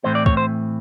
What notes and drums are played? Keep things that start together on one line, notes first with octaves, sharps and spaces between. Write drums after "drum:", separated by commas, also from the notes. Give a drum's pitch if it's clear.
A2 E3 A3 C4 C5
D5
C#5, drum: kick
C5